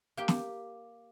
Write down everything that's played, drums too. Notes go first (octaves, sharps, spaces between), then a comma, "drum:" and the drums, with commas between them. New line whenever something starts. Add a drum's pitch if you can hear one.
A#3 G4 G5
drum: snare